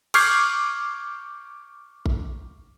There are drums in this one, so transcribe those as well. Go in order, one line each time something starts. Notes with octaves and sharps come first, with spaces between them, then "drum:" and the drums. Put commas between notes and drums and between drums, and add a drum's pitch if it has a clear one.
C#6 D6 F6 G6 G#6 C7, drum: cymbal
drum: kick A1